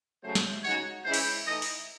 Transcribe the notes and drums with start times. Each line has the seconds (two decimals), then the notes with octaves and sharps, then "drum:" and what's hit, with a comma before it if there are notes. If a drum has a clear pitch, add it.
0.23 C#3 F#3 A3 C5
0.35 drum: snare
0.63 C#3 G#3 D#4 F#4 C#5
1.04 E3 G#3 C#4 E4 C5
1.14 drum: cymbal
1.45 E3 A3 D#4 D#5
1.62 drum: open hi-hat